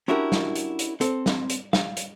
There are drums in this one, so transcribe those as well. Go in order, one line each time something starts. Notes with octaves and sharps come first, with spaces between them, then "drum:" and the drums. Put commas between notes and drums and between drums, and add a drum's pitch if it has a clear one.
C#4 D4 E4 F#4 G4 A#4
drum: snare
drum: hi-hat
drum: hi-hat
C4 A4, drum: hi-hat
drum: snare
drum: hi-hat
F5, drum: snare
drum: hi-hat